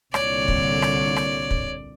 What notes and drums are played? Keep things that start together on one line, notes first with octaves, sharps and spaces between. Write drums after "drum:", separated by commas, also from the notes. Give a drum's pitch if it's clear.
C2 A#2 D3 C#5 D5, drum: rim click
drum: kick
drum: rim click
drum: rim click
drum: kick